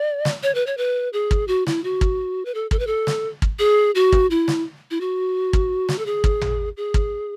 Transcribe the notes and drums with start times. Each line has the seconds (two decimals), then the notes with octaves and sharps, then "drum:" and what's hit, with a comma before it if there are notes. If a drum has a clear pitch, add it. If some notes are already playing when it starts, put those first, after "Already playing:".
Already playing: D5
0.25 drum: snare
0.43 C#5
0.55 B4
0.67 C#5
0.77 B4
1.13 G#4
1.31 drum: kick
1.48 F#4
1.67 E4, drum: snare
1.84 F#4
2.01 drum: kick
2.45 B4
2.54 A4
2.71 A4, drum: kick
2.79 B4
2.87 A4
3.07 drum: snare
3.42 drum: kick
3.59 G#4
3.95 F#4
4.12 drum: kick
4.30 E4
4.48 drum: snare
4.91 E4
5.01 F#4
5.53 drum: kick
5.89 drum: snare
5.98 A4
6.06 G#4
6.24 drum: kick
6.41 drum: tom
6.77 G#4
6.94 drum: kick